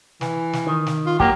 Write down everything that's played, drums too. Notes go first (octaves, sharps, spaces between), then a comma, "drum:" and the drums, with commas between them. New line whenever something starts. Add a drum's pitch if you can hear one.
E3, drum: snare
drum: snare
D#3
drum: snare
F4
F#3 A#3 G4, drum: kick